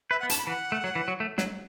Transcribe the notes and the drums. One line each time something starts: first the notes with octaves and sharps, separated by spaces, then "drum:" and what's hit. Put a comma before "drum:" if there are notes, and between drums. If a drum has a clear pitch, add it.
B4 E5
F#5
B3
A5, drum: hi-hat
B5
E3 F#5
A3
F#3
E3
F#3
A3
F#3, drum: snare